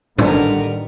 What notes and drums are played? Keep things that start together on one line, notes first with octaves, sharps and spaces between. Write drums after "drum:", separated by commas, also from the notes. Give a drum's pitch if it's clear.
A1 D3 D#3 G3 B3 D4 A#4 C5, drum: tom A2